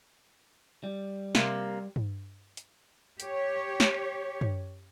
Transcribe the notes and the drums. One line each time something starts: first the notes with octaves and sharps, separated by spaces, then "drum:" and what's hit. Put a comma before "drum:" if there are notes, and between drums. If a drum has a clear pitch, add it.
G3
C3 A#3, drum: snare
drum: tom G2
drum: hi-hat
G4 C#5, drum: hi-hat
drum: snare
drum: tom F#2